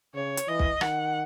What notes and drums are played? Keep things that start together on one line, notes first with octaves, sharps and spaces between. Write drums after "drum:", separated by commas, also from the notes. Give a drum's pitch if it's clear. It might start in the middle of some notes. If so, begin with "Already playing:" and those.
C#3 C#5
drum: hi-hat
E3 D#5
drum: kick
D#3 F#5, drum: rim click